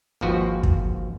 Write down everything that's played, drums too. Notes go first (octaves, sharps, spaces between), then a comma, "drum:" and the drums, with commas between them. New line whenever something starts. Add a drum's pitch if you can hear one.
G#1 D#2 F3 F#4 B4
drum: kick